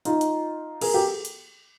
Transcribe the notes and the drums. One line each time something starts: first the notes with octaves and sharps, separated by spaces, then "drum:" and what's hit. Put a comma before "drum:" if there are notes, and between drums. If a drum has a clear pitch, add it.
D#4 F4, drum: hi-hat
drum: hi-hat
G#4 A#4, drum: cymbal
G4 A4
drum: hi-hat